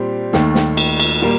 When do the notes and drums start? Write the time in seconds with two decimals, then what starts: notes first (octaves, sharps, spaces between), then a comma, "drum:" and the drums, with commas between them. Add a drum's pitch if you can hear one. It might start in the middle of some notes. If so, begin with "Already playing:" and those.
Already playing: A#2 G3 C4 G4
0.33 D#2 D#3 A3, drum: snare
0.55 drum: snare
0.77 drum: cymbal
1.00 drum: cymbal
1.21 A#2 G3 A#3